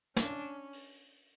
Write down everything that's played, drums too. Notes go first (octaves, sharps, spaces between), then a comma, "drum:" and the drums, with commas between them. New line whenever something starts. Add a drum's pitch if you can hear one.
C#4 D4, drum: snare
drum: open hi-hat